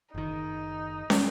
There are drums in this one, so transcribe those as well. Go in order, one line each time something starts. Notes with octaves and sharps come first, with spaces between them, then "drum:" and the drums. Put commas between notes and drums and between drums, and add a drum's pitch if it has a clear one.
F#1 D#3 D#4
drum: snare